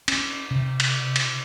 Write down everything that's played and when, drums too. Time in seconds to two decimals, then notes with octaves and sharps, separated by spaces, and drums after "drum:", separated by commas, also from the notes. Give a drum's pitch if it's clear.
0.08 C#4, drum: cymbal
0.51 C3
0.80 drum: cymbal
1.16 drum: cymbal